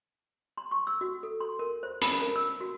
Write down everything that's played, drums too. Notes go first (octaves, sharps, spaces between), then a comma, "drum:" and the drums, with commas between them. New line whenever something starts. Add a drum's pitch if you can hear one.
C6
C#6
E6
F#4
A4
C6
A#4
C5
B5, drum: hi-hat
A#4
E6
F#4